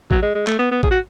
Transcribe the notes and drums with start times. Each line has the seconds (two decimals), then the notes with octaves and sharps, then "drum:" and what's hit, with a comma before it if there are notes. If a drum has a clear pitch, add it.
0.11 F#3, drum: kick A1
0.23 G#3
0.35 G#3
0.47 A3, drum: clap
0.59 B3
0.71 B3
0.83 G#4, drum: kick A1
0.91 F#4